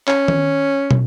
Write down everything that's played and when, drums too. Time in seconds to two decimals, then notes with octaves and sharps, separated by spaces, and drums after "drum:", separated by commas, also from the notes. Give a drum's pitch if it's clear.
0.08 C#4, drum: clap
0.28 drum: tom D#3
0.91 drum: tom